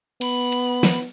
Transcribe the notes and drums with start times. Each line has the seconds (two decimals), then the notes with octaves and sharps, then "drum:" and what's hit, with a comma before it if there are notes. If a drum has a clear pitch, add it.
0.21 B3 B5, drum: cymbal
0.52 drum: cymbal
0.83 drum: snare